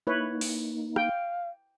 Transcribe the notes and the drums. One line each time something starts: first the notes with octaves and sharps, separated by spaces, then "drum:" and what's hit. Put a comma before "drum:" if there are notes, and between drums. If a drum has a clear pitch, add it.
A#3 D#4 E4 B4 C#5
drum: open hi-hat
F5 G5, drum: rim click